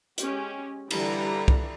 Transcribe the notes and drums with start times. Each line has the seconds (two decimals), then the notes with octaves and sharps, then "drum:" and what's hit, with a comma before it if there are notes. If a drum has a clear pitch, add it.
0.18 G#3 C#4 G4, drum: hi-hat
0.91 D3 E3 G3 E4 G4 A#5, drum: cymbal
1.48 drum: kick C2